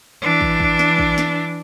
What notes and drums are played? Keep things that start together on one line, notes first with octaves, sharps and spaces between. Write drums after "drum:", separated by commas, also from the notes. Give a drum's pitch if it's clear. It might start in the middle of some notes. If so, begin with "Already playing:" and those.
E3 D4
drum: kick
drum: kick
drum: snare
drum: kick
drum: snare